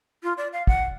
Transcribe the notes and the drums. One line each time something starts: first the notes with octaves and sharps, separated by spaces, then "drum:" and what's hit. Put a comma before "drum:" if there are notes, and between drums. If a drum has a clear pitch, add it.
F4
D5
F5
F#5, drum: kick